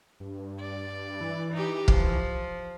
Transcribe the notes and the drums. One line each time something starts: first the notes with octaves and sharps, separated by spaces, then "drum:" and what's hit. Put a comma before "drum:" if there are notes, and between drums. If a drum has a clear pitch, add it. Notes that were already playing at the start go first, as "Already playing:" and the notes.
G2
D5
E3
D#4 G4
F3, drum: kick